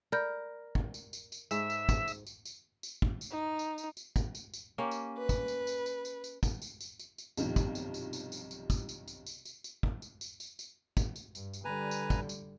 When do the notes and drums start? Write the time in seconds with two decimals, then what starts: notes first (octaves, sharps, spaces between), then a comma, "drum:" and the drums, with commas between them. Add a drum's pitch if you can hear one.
0.12 A#4 D5 B5 G6
0.75 drum: kick
0.94 drum: tambourine
1.13 drum: tambourine
1.32 drum: tambourine
1.51 G#2 E5, drum: tambourine
1.70 drum: tambourine
1.89 drum: kick, tambourine
2.08 drum: tambourine
2.27 drum: tambourine
2.45 drum: tambourine
2.83 drum: tambourine
3.02 drum: kick
3.21 drum: tambourine
3.31 D#4
3.59 drum: tambourine
3.78 drum: tambourine
3.97 drum: tambourine
4.16 drum: kick, tambourine
4.35 drum: tambourine
4.54 drum: tambourine
4.78 A#3 C#4 G4
4.91 drum: tambourine
5.18 B4
5.29 drum: kick, tambourine
5.48 drum: tambourine
5.67 drum: tambourine
5.86 drum: tambourine
6.05 drum: tambourine
6.24 drum: tambourine
6.43 drum: kick, tambourine
6.62 drum: tambourine
6.81 drum: tambourine
6.99 drum: tambourine
7.18 drum: tambourine
7.37 B1 G2 C3 D#3 F3, drum: tambourine
7.56 drum: kick, tambourine
7.75 drum: tambourine
7.94 drum: tambourine
8.13 drum: tambourine
8.32 drum: tambourine
8.51 drum: tambourine
8.70 drum: kick, tambourine
8.89 drum: tambourine
9.08 drum: tambourine
9.27 drum: tambourine
9.45 drum: tambourine
9.64 drum: tambourine
9.83 drum: kick
10.02 drum: tambourine
10.21 drum: tambourine
10.40 drum: tambourine
10.59 drum: tambourine
10.97 drum: kick, tambourine
11.16 drum: tambourine
11.35 G2, drum: tambourine
11.54 drum: tambourine
11.65 D3 G3 B4 G#5 A#5
11.91 drum: tambourine
12.10 drum: kick, tambourine
12.29 drum: tambourine